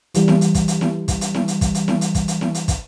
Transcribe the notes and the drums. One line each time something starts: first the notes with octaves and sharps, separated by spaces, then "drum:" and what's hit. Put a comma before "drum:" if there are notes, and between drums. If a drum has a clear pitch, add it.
E3 G3, drum: hi-hat
drum: snare E4
drum: hi-hat
drum: kick, hi-hat
drum: hi-hat
drum: snare E4
drum: kick, hi-hat
drum: hi-hat
drum: snare E4
drum: hi-hat
drum: kick, hi-hat
drum: hi-hat
drum: snare E4
drum: hi-hat
drum: kick, hi-hat
drum: hi-hat
drum: snare E4
drum: hi-hat
drum: kick, hi-hat